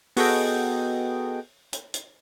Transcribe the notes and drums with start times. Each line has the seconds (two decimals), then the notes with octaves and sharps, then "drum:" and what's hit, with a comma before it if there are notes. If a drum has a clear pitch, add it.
0.17 B3 F#4 G#4 A4 D#5 G5, drum: open hi-hat
1.73 drum: hi-hat
1.94 drum: hi-hat